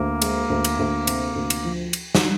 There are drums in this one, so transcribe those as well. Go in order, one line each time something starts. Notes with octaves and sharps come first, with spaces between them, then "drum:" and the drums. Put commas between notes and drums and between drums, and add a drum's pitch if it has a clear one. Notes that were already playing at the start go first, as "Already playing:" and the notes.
Already playing: D2 A#3
G#3, drum: cymbal
D2
drum: cymbal
D2
C3, drum: cymbal
D2
drum: cymbal
F3
drum: cymbal
drum: snare